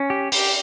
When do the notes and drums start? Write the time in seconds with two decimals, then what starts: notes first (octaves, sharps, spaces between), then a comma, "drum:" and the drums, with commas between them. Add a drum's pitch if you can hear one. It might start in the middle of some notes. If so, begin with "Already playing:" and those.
Already playing: C#4
0.10 G4
0.32 G4, drum: open hi-hat